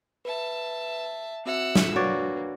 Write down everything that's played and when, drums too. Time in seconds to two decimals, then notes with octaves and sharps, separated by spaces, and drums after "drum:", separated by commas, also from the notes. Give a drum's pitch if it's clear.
0.25 B4 E5 A5
1.46 C4 F#4 E5 F#5 E6
1.75 drum: snare
1.96 A#3 D4 F#4 B4 C#5 D5